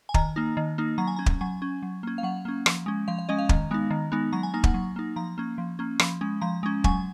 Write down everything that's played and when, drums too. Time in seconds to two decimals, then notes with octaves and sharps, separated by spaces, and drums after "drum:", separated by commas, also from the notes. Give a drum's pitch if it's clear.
0.09 G#5
0.14 D#3 A#5, drum: kick
0.36 A#3 D#4
0.57 D#3
0.78 A#3 D#4
0.98 F#3 A#5
1.07 G#5
1.16 C#4 A#5
1.26 drum: kick
1.41 F#3 G#5
1.62 C#4
1.83 F#3
2.03 A#3 C#4
2.18 F5
2.23 F#3 F#5
2.45 A#3 C#4
2.66 F3, drum: rim click
2.86 G#3 C#4
3.08 F3 F5
3.18 F5
3.29 G#3 C#4 D#5
3.38 F5
3.49 D#3, drum: kick
3.71 G#3 B3 D#4
3.91 D#3
4.12 G#3 B3 D#4
4.33 F#3 A#5
4.43 G#5
4.54 A#3 D#4 G#5
4.64 F#5, drum: kick
4.74 F#3
4.96 A#3 D#4
5.16 F3 A#5
5.38 A#3 C#4
5.58 F3
5.79 A#3 C#4
5.99 F3 B5, drum: rim click
6.21 G#3 C#4
6.41 F3 A#5
6.63 G#3 C#4
6.84 F#3 G#5, drum: kick